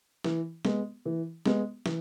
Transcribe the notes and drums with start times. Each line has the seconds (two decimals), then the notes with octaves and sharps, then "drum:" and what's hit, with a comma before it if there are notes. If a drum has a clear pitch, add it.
0.24 E3, drum: snare
0.65 G#3 B3, drum: snare
1.05 E3
1.46 G#3 B3, drum: snare
1.86 E3, drum: snare